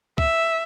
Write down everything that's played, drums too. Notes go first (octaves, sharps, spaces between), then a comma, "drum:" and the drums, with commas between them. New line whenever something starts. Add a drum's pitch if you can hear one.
E5, drum: kick